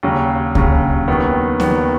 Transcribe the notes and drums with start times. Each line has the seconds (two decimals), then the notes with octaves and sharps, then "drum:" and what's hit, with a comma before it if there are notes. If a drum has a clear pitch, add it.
0.03 D#2 C#3 F#3
0.55 D#2 C#3 F#3, drum: kick C#2
1.08 D#2 D#3 F#3 B3
1.60 D#2 D#3 F#3 B3, drum: snare B3